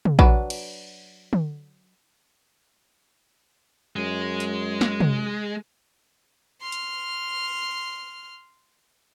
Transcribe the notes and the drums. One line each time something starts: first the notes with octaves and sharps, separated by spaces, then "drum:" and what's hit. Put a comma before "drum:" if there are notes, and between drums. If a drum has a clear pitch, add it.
drum: tom C3
F#3 D4 B4, drum: kick A#1
drum: cymbal
drum: tom
F#2 G#3
drum: hi-hat
drum: snare
drum: tom C3
C6 F6
drum: hi-hat